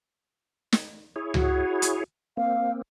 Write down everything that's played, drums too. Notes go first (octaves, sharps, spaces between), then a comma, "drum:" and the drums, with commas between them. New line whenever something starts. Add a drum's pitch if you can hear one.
drum: snare
E4 G#4 C#5
F#4, drum: tom C#2
drum: hi-hat
A#3 C4 F5